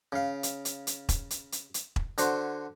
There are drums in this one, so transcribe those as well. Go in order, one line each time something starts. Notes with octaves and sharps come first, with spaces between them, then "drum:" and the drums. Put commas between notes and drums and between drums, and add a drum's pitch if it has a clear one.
C#3 F5
drum: hi-hat
drum: hi-hat
drum: hi-hat
drum: kick E1, hi-hat
drum: hi-hat
drum: hi-hat
drum: hi-hat
drum: kick E1
D3 F#4 C5, drum: hi-hat